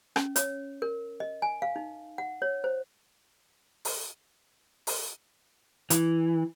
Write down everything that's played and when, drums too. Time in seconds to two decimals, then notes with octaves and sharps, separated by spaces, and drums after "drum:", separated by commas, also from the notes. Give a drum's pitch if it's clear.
0.16 C#4, drum: rim click
0.36 C#5, drum: hi-hat
0.82 A#4
1.20 D#5
1.42 G#5
1.62 F5
1.76 D#4
2.18 F#5
2.42 C#5
2.64 C5
3.85 drum: open hi-hat
4.87 drum: open hi-hat
5.90 E3, drum: hi-hat